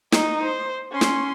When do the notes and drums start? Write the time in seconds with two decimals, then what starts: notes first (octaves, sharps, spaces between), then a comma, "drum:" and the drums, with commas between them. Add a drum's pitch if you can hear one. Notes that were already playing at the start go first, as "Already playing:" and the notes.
0.12 D#4 D#5, drum: snare
0.42 C5
0.92 C#4 C6
1.01 drum: snare